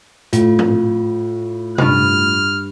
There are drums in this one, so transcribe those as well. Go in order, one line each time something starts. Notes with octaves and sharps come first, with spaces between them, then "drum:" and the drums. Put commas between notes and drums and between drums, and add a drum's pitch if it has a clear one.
A2 F4, drum: hi-hat
drum: tom G#2
G2 B4 F6, drum: tom C3